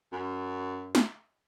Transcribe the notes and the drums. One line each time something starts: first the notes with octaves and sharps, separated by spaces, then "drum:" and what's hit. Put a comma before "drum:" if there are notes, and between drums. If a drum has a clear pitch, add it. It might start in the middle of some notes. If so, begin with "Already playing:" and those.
F#2
drum: snare